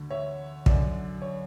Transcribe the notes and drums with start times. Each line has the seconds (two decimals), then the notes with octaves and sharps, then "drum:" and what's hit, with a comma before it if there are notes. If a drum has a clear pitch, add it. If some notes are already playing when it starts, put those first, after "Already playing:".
Already playing: D2 D3
0.10 C#5 E5
0.66 F#2 D3 D5, drum: kick
1.22 C#5